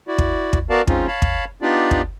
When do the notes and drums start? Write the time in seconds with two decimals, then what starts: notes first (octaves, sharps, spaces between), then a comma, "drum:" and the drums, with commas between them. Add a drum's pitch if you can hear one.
0.08 E4 F#4 D5
0.18 drum: kick
0.53 drum: kick
0.70 B3 F#4 A#4 D5 F5 A5
0.87 F3 G#3 C4 C#4 D#4 F4, drum: kick
1.07 C#5 F5 A5 B5
1.22 drum: kick
1.62 B3 D4 D#4 F4 G4 D5
1.91 drum: kick